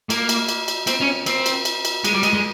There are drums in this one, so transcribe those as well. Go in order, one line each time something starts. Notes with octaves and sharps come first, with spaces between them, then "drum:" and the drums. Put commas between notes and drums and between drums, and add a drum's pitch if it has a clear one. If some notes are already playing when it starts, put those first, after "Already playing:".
A#3, drum: cymbal
drum: cymbal
drum: cymbal
drum: cymbal
C4, drum: cymbal
C#4
C4, drum: cymbal
drum: cymbal
drum: cymbal
drum: cymbal
G#3, drum: cymbal
G3
G#3, drum: cymbal
G#3